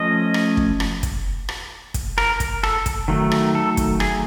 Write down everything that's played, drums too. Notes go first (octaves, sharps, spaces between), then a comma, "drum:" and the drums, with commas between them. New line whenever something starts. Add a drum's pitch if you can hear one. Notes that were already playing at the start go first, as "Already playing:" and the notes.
Already playing: F3 A3 C#4 D#5
drum: rim click
drum: kick
drum: rim click
drum: kick, hi-hat
drum: rim click
drum: kick, hi-hat
A#4, drum: rim click
drum: kick, hi-hat
A4, drum: rim click
drum: kick, hi-hat
D#3 F#3 A3
drum: rim click
A4
drum: kick, hi-hat
G#4, drum: rim click